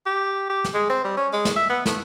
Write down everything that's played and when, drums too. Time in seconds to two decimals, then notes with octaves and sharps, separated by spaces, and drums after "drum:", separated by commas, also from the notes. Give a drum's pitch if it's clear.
0.06 G4
0.50 G4
0.64 drum: snare
0.74 G#3
0.89 C4
1.05 G3
1.17 C#4
1.33 G#3
1.45 drum: snare
1.56 E5
1.69 B3
1.86 A3, drum: snare